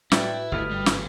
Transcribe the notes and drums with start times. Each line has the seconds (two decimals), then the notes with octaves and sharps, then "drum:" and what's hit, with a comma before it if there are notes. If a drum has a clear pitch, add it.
0.12 A2 E4 F#4 B4 D5 E5 G5, drum: snare
0.52 G1 G#2 A3 B5 D#6 F6
0.71 G3
0.86 B2 G#4, drum: snare